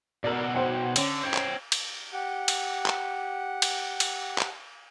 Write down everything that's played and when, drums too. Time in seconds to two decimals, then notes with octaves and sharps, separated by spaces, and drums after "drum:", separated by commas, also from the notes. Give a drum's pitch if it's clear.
0.24 B2 F#4 A4 A#4 D5
0.55 C5 F#5 G5
0.96 D3 C#4, drum: cymbal
1.24 C5 C#5 G5
1.34 drum: clap
1.72 drum: cymbal
2.13 G4 F#5
2.48 drum: cymbal
2.86 drum: clap
3.62 drum: cymbal
4.00 drum: cymbal
4.38 drum: clap